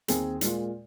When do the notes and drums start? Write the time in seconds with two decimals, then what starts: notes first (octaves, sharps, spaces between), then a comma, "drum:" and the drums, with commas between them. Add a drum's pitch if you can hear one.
0.08 D#2 D#3 C4 G#4, drum: hi-hat
0.41 A#2 G#3 F4, drum: hi-hat